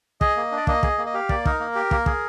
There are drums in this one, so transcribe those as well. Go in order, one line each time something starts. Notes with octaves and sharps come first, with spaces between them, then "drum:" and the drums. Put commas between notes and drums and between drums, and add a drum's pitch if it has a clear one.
G#4 D#5, drum: kick
A#3
D4
D5
A#3 D#5, drum: kick
G#4, drum: kick
A#3
D#5
G4 F5
A#3 D5, drum: kick
D#4 A#4, drum: kick
A#3
G4
A#3, drum: kick
G#4, drum: kick